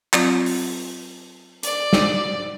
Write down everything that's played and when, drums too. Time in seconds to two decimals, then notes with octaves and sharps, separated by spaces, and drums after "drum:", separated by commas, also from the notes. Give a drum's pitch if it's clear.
0.13 F#3 C4 F4, drum: clap
0.46 drum: open hi-hat
1.63 D5, drum: hi-hat
1.93 drum: snare